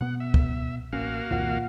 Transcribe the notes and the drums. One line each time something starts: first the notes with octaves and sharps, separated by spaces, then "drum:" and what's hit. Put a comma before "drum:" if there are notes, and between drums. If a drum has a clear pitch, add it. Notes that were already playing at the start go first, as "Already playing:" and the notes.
B2 B3 F#5
E5
drum: kick
A1 A#3 C#4 F#4 F5
C2 F2 A#2 D#3 F4 F#5